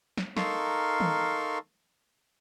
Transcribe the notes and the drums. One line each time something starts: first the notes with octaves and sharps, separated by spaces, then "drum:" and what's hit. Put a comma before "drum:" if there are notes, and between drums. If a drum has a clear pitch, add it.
drum: snare
D#4 A4 A#4 F5 C6 C#6, drum: snare
drum: tom D#3